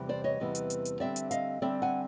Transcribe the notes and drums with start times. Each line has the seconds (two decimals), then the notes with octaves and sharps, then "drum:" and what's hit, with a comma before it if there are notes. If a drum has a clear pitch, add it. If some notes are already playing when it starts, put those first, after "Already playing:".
Already playing: E2 C3 E3 G3 B3
0.09 C5 D5
0.24 C#5 D#5
0.40 E2 C3 E3 G3 B3
0.55 drum: hi-hat
0.70 drum: hi-hat
0.85 drum: hi-hat
1.00 D3 G3 C4 D5 E5
1.16 drum: hi-hat
1.31 D#5 F5, drum: hi-hat
1.62 D3 G3 C4 D5 E5
1.82 F#5 G#5